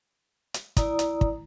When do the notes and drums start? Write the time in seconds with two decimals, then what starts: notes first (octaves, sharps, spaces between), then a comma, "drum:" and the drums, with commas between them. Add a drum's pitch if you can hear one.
0.54 drum: hi-hat
0.77 E4 D5 A#5 D#6, drum: kick, hi-hat
0.99 drum: hi-hat
1.21 drum: kick